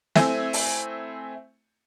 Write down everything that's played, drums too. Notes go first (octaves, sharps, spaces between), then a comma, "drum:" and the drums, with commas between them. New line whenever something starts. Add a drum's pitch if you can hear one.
A3 C4 E4 G#5, drum: snare
drum: open hi-hat